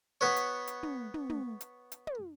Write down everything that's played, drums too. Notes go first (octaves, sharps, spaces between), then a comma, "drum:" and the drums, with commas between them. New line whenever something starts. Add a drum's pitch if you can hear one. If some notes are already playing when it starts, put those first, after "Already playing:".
B3 F#4 B4 C#5
drum: hi-hat
drum: hi-hat
drum: tom
drum: tom
drum: tom
drum: hi-hat
drum: hi-hat
drum: tom